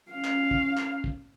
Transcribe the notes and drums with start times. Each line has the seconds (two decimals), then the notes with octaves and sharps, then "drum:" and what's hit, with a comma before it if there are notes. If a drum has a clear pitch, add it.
0.11 C#4 F5
0.25 drum: clap
0.51 drum: kick
0.78 drum: clap
1.04 drum: kick